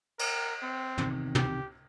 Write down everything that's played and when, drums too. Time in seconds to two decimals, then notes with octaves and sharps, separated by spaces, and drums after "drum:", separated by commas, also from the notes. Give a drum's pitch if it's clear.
0.19 A#4, drum: cymbal
0.63 C4
0.98 E2 C3 D#3, drum: tom
1.35 G4, drum: tom